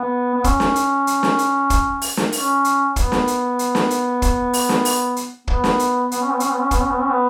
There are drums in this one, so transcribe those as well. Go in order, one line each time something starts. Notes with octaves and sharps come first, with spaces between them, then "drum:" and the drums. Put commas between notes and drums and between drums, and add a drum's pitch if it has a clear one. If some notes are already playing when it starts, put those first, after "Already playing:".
Already playing: B3
B3
C#4, drum: kick, hi-hat
drum: snare
drum: hi-hat
drum: hi-hat
drum: snare
drum: hi-hat
drum: kick, hi-hat
drum: open hi-hat
drum: snare
C#4, drum: open hi-hat
drum: hi-hat
B3, drum: kick, hi-hat
drum: snare
drum: hi-hat
drum: hi-hat
drum: snare
drum: hi-hat
drum: kick, hi-hat
drum: open hi-hat
drum: snare
drum: open hi-hat
drum: hi-hat
B3, drum: kick
drum: snare
drum: hi-hat
B3, drum: hi-hat
C#4
B3
C#4, drum: hi-hat
B3
C#4
B3, drum: kick, hi-hat
C#4
B3
C#4
B3